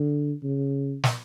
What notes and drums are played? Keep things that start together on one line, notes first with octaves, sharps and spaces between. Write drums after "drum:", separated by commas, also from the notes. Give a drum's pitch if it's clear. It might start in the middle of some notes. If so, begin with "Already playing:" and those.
Already playing: D3
C#3
drum: snare